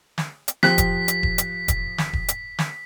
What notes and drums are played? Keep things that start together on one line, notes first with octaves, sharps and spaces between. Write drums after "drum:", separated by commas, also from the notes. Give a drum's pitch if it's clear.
drum: snare
drum: hi-hat
F3 G4 F#6 B6, drum: snare
drum: kick E1, hi-hat
drum: hi-hat
drum: kick E1
drum: hi-hat
drum: kick E1, hi-hat
drum: snare
drum: kick E1
drum: hi-hat
drum: snare